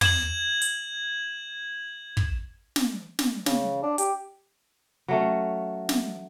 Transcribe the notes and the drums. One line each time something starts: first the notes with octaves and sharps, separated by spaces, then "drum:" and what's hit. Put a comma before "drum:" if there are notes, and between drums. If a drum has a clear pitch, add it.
G#6 E7 F#7, drum: tom
drum: hi-hat
drum: kick
drum: snare
drum: snare
C#3, drum: snare
D4
G4, drum: hi-hat
F#3 A3 C#4
drum: snare